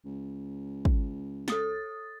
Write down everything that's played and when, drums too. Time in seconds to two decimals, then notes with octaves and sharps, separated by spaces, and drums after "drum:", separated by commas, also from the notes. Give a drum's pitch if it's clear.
0.05 C#2
0.85 drum: kick
1.48 A4 D#6 A6, drum: snare